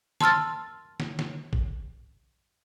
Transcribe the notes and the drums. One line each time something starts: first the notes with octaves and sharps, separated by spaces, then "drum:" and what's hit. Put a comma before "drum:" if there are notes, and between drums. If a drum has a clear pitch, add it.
A5 C6 E6 F6 A6, drum: snare
drum: snare
drum: snare
drum: kick